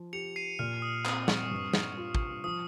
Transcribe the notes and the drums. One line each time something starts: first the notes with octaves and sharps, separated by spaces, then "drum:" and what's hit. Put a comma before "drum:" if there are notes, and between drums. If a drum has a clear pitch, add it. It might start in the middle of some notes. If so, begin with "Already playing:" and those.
Already playing: F3
G4 C#7 F7
C7 D#7
A#2 F6
D#6
C4 D#6, drum: clap
C#6, drum: snare
G2
drum: snare
F4
drum: kick
F3 D#6